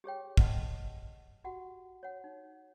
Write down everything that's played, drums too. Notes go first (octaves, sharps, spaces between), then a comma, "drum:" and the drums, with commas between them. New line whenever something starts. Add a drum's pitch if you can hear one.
G4 G#4 C#5 G5
D#5 F#5 A5 C6, drum: kick
F#4 G4 F#5
C#5 F#5
D#4